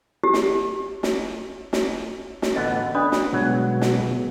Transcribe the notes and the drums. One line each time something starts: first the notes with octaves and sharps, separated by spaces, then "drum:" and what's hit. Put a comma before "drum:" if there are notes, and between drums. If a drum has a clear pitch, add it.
G4
drum: snare
drum: snare
drum: snare
drum: snare
A1 D3 B3 D#5
D4 B4 D5 D#6
drum: snare
G1 B2 F#3 G#3 B3
drum: snare